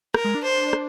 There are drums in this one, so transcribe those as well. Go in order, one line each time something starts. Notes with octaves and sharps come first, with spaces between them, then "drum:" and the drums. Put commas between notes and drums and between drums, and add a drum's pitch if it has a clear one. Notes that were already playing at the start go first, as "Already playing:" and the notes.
A#4, drum: rim click
G#3
D4
C5
drum: rim click